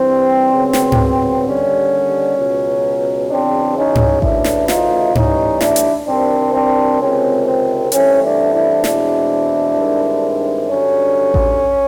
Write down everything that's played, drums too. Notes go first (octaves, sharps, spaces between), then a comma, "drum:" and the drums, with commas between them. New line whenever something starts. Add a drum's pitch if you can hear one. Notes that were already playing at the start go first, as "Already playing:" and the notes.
Already playing: G2 E3 G3 C4
C#2 C#3 F#3 B3
drum: snare
drum: tom G#2
D#2 D3 G3 C#4
C#2 B2 F#3
E2 C#3 F#3 C4 D4
C#4 D#4
drum: tom G#2
D2 C#3 E3 A3 D4 E4, drum: kick A1
drum: snare
D#4 F4, drum: snare
A2 E3 G3 C#4 D#4, drum: tom G#2
D4 E4, drum: snare
drum: hi-hat
C2 C3 D#3 G3 C4 D4
C4 D4
C#2 C3 D#3 G#3 C4 C#4
C4
G2 E3 A3 C4 C#4, drum: hi-hat
D4 E4
D4 E4
E2 B2 G#3 C4 D4 E4, drum: snare
G2 D#3 G#3 C4
G2 D3 F#3 C#4
drum: kick A1